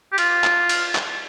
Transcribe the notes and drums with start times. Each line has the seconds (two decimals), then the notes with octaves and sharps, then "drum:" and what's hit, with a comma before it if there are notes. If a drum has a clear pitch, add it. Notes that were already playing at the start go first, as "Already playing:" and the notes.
0.12 G4
0.18 F4, drum: cymbal
0.44 drum: clap
0.69 drum: cymbal
0.95 drum: clap